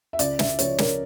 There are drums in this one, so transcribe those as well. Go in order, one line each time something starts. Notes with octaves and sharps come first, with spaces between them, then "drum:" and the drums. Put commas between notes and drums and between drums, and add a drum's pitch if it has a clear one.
E5
C#2 D5, drum: hi-hat
E5, drum: snare
C#3 F3 C#5, drum: hi-hat
A#4, drum: snare